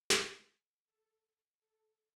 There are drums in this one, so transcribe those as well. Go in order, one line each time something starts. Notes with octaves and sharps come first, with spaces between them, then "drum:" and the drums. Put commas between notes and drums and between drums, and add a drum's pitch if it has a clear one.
G#4, drum: snare
A4
A4